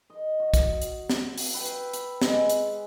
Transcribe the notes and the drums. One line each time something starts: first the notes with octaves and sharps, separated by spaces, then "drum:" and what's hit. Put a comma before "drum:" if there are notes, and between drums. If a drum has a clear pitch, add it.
D#5
F#4
drum: kick, hi-hat
drum: hi-hat
drum: snare
drum: open hi-hat
B4 E5 G5
drum: hi-hat
drum: hi-hat
G#3, drum: snare
drum: hi-hat